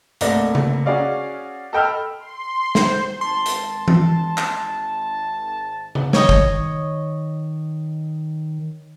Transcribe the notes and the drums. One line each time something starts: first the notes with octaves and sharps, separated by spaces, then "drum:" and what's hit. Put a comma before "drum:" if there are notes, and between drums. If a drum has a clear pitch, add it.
C2 A3 A#3 D5 A#6, drum: hi-hat
drum: tom C#3
C#4 F#4 G#4 D5 F5
A4 D#5 G5 B5 E6 F6
C6
C5, drum: snare
G#1 A5 C6
drum: hi-hat
drum: tom E3
drum: clap
drum: tom C#3
D#3 C#5 D#5, drum: snare
drum: kick